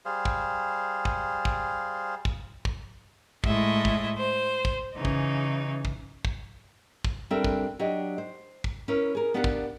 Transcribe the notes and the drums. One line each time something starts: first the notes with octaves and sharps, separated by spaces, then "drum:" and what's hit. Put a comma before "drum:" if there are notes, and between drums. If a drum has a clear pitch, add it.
G3 G#4 C5 F5
drum: kick
drum: kick
drum: kick
drum: kick
drum: kick
A2 G#3 D#5 E5, drum: kick
drum: kick
C5
drum: kick
C#3 E3 D#4
drum: kick
drum: kick
drum: kick
drum: kick
G3 C4 D4 A4 A#4 E5
drum: kick
F#3 D4 G4 D#5
C5
drum: kick
C#4 E4 A#4 B4
G#4 A#4
B3 D4 G4 A#4 F5 F#5
drum: kick